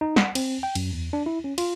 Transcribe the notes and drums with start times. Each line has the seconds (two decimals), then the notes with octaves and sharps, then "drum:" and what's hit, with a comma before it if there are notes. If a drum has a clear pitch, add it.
0.01 D#4
0.16 F#5, drum: snare
0.35 C4, drum: cymbal
0.63 G5
0.75 F#2, drum: cymbal
0.93 E2
1.13 D4
1.26 E4
1.44 C#4
1.58 F4, drum: cymbal